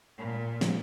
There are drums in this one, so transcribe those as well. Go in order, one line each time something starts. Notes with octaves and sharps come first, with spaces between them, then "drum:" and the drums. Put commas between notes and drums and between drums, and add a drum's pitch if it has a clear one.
A#2
drum: snare